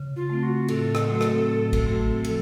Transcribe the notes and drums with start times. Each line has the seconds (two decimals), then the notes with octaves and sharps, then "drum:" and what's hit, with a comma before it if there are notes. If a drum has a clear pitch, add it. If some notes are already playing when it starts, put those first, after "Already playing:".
Already playing: C#3
0.16 F4
0.30 A3 C4
0.43 F#4
0.68 A2 A4, drum: cymbal
0.95 drum: rim click
1.08 F#3 A3 C4 F#4
1.21 drum: rim click
1.47 A2
1.73 drum: kick, cymbal
1.86 F#3 A3 C4 F#4
2.24 F3 A4, drum: cymbal